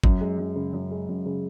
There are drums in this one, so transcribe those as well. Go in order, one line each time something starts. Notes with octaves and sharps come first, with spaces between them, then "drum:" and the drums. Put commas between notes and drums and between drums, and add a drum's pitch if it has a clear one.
F#2, drum: kick
G#3
F#2
C#3
F#2
G#3
F#2
C#3